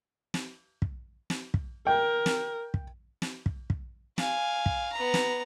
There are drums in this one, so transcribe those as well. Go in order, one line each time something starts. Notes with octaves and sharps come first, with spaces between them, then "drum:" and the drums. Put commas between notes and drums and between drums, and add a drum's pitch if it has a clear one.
drum: snare
drum: kick
drum: snare
drum: kick
A#4 G5
drum: snare
drum: kick
drum: snare
drum: kick
drum: kick
F5 G#5, drum: snare
drum: kick
B3 A#5
drum: snare